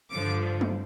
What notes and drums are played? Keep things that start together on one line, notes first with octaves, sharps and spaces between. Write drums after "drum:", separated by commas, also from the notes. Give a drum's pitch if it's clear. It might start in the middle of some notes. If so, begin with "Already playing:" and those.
G2 D3 F3 D6
drum: tom